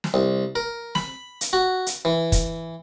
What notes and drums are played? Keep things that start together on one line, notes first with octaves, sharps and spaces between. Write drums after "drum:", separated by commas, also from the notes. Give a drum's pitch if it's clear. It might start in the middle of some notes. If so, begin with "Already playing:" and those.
drum: snare
C2
A#4
B5, drum: snare
drum: hi-hat
F#4
drum: hi-hat
E3
drum: kick, hi-hat